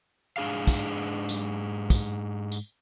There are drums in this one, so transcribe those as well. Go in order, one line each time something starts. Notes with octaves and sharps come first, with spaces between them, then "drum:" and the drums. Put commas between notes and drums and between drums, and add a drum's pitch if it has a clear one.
G#2 D4 G#4 F5
drum: kick, tambourine
drum: tambourine
drum: kick, tambourine
drum: tambourine